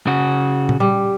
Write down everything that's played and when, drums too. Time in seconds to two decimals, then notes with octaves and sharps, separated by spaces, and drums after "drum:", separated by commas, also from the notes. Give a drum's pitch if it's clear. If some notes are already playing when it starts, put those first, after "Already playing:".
0.07 C#3 F#4
0.69 drum: tom A#2
0.80 G3